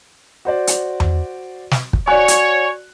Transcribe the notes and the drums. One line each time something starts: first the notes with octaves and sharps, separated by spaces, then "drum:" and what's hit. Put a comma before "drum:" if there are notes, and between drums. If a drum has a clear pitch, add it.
F#4 C5 D5
drum: hi-hat
drum: tom E2
drum: snare
drum: kick
F#4 C#5 D5 G#5 C#6 F#6
drum: hi-hat